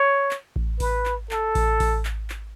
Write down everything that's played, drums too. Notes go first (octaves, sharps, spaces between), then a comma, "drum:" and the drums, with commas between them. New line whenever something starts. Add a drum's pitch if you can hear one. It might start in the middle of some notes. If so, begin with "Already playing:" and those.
Already playing: C#5
drum: clap
drum: kick A1
B4, drum: kick A1, open hi-hat
drum: clap
A4, drum: clap
drum: kick A1, open hi-hat
drum: kick A1, open hi-hat
drum: clap
drum: clap